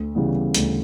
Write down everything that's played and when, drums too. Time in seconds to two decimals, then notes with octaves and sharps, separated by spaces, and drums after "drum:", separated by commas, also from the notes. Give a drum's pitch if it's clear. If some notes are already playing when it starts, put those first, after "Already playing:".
Already playing: D2
0.15 C#3 E3 G3 B3
0.54 D2, drum: hi-hat